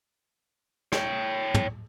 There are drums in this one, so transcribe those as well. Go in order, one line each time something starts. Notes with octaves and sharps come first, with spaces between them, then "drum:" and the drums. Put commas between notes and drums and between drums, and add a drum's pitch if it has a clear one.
C#5 G5, drum: snare
drum: tom